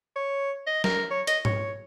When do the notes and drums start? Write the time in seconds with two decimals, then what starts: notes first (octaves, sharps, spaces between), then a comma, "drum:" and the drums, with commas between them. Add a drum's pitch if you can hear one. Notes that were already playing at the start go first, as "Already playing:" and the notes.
0.16 C#5
0.67 D#5
0.84 A#4, drum: snare
1.11 C#5
1.27 D#5, drum: hi-hat
1.45 C#5, drum: tom G#2